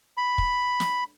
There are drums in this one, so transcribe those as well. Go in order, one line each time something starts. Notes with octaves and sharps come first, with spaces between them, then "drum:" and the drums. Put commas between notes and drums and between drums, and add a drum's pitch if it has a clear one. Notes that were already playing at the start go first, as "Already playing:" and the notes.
B5
drum: kick
drum: snare